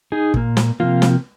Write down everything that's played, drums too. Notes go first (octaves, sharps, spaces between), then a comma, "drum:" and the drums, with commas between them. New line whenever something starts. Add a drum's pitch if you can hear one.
D#4 G#4
A#2 A#3, drum: kick
drum: snare
C3 F3 A#3 F4
drum: snare